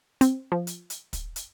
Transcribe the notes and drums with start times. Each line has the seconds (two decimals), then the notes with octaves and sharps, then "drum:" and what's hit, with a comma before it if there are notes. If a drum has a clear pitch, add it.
0.21 C4, drum: hi-hat
0.52 F3
0.67 drum: hi-hat
0.90 drum: hi-hat
1.13 drum: kick, hi-hat
1.36 drum: hi-hat